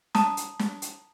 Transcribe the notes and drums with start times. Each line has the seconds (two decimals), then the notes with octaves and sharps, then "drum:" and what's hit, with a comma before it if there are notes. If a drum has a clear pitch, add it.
0.15 A5 A#5 D#6, drum: snare
0.37 drum: hi-hat
0.59 drum: snare
0.82 drum: hi-hat